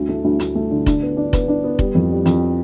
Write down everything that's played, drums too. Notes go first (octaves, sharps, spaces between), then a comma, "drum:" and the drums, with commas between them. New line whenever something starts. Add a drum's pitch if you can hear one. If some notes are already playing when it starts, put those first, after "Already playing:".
Already playing: D2
A3
D2
D2, drum: hi-hat
A3
D3
D4, drum: kick F1, hi-hat
B3
D4
B3, drum: kick F1, hi-hat
D4
B3
G3, drum: kick F1
F2
G3
F2, drum: hi-hat